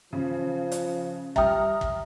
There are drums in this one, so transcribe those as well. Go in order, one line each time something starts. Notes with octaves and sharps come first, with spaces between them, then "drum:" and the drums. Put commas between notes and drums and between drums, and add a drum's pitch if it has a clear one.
C#3 F3
drum: hi-hat
G3 E5 G5 A#5 D#6 F6, drum: kick
drum: kick